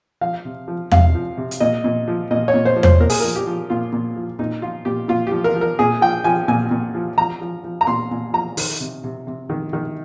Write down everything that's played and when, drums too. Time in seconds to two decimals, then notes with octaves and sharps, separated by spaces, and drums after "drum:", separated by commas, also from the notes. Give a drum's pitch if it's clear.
0.21 F3 F5
0.45 C3
0.68 F3
0.91 C3 F5, drum: tom E2
1.15 F3
1.37 C3
1.51 drum: hi-hat
1.60 A#2 D#5
1.84 A#2
2.08 F3
2.31 A#2 D#5
2.48 C#5
2.54 A#2
2.65 C5
2.76 F3
2.83 C5, drum: tom E2
3.00 A#2 A#4
3.10 G#4, drum: open hi-hat
3.20 F3 A#4
3.35 G4
3.47 F3
3.70 A#2 F4
3.93 A#2
4.16 F3
4.39 A#2 D#4
4.62 F3 F4
4.85 A#2 G4
5.08 A#2 F4
5.27 F3 G4
5.44 A#4
5.55 F3
5.61 A#4
5.79 A#2 G#4
6.01 F3 G5
6.24 F3 G#5
6.48 A#2 G#5
6.71 A#2
6.94 F3
7.18 F3 A#5
7.41 F3
7.64 F3
7.81 A#5
7.87 A#2 C6
8.11 A#2
8.33 F3 A#5
8.57 D#3, drum: open hi-hat
8.80 C3
9.04 C3
9.27 C3
9.50 D#3
9.73 D#3